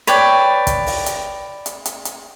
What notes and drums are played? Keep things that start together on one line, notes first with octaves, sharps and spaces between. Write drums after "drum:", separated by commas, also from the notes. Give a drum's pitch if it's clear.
B4 C#5 D5 G5, drum: hi-hat
drum: kick, hi-hat
drum: open hi-hat
drum: hi-hat
drum: hi-hat
drum: hi-hat
drum: hi-hat